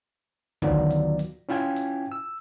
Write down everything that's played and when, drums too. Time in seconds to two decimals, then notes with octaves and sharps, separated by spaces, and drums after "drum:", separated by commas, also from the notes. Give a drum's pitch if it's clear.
0.62 D2 D#3 F#3 B3 F4 D5, drum: kick
0.91 drum: hi-hat
1.19 drum: hi-hat
1.49 C#4 E4 F4 G5 G#5 G#6
1.76 drum: hi-hat
2.12 E6